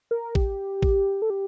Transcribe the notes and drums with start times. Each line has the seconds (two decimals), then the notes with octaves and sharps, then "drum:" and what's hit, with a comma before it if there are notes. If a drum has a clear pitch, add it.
0.11 A#4
0.35 G4, drum: kick
0.82 drum: kick
1.22 A4
1.30 G4